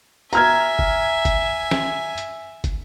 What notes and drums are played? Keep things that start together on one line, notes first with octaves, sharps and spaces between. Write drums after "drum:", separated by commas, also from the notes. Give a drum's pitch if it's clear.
E5 G#5 A#5 F6 G#6, drum: hi-hat
drum: kick
drum: kick, hi-hat
drum: snare
drum: hi-hat
drum: kick, hi-hat